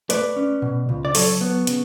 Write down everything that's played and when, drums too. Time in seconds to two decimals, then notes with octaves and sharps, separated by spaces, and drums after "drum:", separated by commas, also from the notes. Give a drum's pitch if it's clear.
0.10 A3 B4 D5, drum: hi-hat
0.36 C#4
0.62 B2
0.89 C#2
1.05 D5
1.15 F#3 A4 C#5, drum: open hi-hat
1.41 B3
1.67 C#3, drum: hi-hat